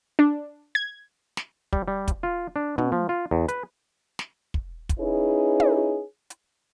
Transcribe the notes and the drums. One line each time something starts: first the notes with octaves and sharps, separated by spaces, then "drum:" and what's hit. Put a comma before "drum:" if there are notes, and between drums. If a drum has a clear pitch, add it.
D4
G#6
drum: snare
G3, drum: kick
G3
drum: kick, hi-hat
F4
D4
B2, drum: tom
F3
F4
E2
B4, drum: hi-hat
drum: snare
drum: kick
drum: kick, hi-hat
C#4 D#4 E4 G#4 B4 C#5
drum: tom
drum: hi-hat